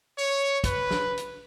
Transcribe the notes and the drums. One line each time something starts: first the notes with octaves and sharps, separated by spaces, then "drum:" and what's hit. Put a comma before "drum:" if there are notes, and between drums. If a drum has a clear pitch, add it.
C#5
B4, drum: kick, hi-hat
drum: snare
drum: hi-hat